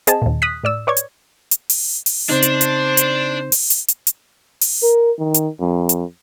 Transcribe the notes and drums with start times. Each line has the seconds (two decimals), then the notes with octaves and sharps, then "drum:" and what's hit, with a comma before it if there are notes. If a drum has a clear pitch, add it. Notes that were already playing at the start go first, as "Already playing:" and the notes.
0.07 C4 G#4 D#5 A5, drum: hi-hat
0.22 D#2 A#2
0.42 D#6 F#6 B6
0.64 A2 D5 E6
0.87 B4 C#5 D5 G#6
0.97 drum: hi-hat
1.51 drum: hi-hat
1.70 drum: open hi-hat
2.06 drum: open hi-hat
2.29 C#3 C4 D4 D#4 C5
2.42 drum: hi-hat
2.61 drum: hi-hat
2.97 drum: hi-hat
3.52 drum: open hi-hat
3.70 drum: hi-hat
3.88 drum: hi-hat
4.07 drum: hi-hat
4.61 drum: open hi-hat
4.83 A#4
5.19 D#3
5.34 drum: hi-hat
5.60 F2
5.89 drum: hi-hat